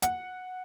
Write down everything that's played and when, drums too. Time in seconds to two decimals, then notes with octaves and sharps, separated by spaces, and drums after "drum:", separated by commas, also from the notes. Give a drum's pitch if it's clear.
0.02 F#5, drum: hi-hat